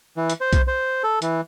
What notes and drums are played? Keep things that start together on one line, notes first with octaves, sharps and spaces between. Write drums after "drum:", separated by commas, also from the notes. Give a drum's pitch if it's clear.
E3
drum: hi-hat
C5
drum: kick B1, hi-hat
C5
A4
E3, drum: hi-hat